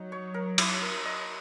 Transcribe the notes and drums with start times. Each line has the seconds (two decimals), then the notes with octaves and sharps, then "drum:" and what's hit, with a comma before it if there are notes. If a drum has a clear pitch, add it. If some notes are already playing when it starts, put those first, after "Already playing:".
Already playing: F#3 D#4
0.12 C#5
0.34 A#4
0.58 E4, drum: cymbal
0.81 A#4
1.05 D#5